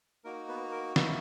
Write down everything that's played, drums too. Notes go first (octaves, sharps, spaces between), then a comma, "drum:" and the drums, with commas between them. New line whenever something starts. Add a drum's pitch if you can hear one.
A#3 D#4 F#4 A#4
B3 B4
A#4
A#3 D#4 E4 F#4 E5, drum: snare